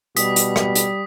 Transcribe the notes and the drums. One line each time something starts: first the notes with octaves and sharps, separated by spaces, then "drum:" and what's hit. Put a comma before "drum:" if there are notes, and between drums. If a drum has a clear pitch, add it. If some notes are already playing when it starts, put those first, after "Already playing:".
B2 G3 D#6 B6, drum: hi-hat
drum: hi-hat
drum: rim click
drum: hi-hat